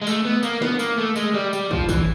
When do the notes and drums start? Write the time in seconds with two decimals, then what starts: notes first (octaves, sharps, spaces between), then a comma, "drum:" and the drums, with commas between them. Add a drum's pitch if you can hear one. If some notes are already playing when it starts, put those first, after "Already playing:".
0.02 G#3
0.07 A3, drum: tambourine
0.25 B3
0.43 A#3, drum: tambourine
0.62 B3, drum: snare
0.79 A#3, drum: tambourine
0.98 A3
1.16 G#3, drum: tambourine
1.34 G3
1.53 G3, drum: tambourine
1.71 F3, drum: kick
1.89 E3, drum: kick, tambourine